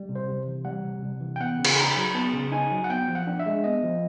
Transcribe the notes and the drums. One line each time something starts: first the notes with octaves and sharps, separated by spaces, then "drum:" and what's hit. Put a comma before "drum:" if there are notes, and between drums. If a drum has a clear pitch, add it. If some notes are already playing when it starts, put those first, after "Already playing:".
Already playing: G3
C3
C5
C3
E3
G3 F#5
C3
C3
E3
G5
B3 F#5
C#3
B5, drum: cymbal
D#4 A#5
B5
F#3
B3 A5
C#3
D#4 G#5
F#3
F#5
B3 G5
F3
F#5
D4
E5
G#3
B3 D#5
F3